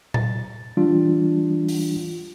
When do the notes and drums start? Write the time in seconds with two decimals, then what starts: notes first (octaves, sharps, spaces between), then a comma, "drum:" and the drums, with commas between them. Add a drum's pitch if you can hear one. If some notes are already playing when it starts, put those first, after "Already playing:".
0.14 A6, drum: tom A#2
0.77 E3 G3 D4 F4
1.68 drum: open hi-hat